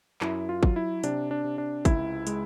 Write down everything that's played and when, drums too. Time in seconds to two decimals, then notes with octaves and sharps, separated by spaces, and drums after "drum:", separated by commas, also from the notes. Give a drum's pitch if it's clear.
0.21 F#2 E4, drum: clap
0.49 F4
0.63 F#3, drum: kick
0.76 E4
1.03 C3 D4, drum: hi-hat
1.31 D4
1.44 C3
1.58 D4
1.85 C#2 E4, drum: kick, hi-hat
2.27 G#3, drum: hi-hat